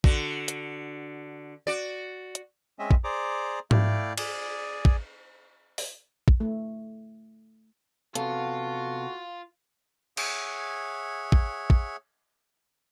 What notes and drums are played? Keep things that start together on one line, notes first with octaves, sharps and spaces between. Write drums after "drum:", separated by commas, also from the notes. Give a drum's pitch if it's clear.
D3 F#4, drum: kick
drum: hi-hat
F#4 D5
drum: hi-hat
G#3 C4 C#4 D#5 E5
drum: kick
G#4 C5 D5 A#5 D6
A3 E4 D5 F5 G5, drum: tom G#2
G#4 D5 G#5, drum: cymbal
drum: kick
drum: open hi-hat
drum: kick
A3
C3 B3 F4 F#4 A4, drum: hi-hat
G#4 C#5 E5 F#5, drum: cymbal
drum: kick
drum: kick